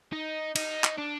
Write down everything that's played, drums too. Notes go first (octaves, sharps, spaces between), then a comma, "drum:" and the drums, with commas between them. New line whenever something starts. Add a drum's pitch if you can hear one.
D#4
D#4, drum: cymbal
drum: clap
D4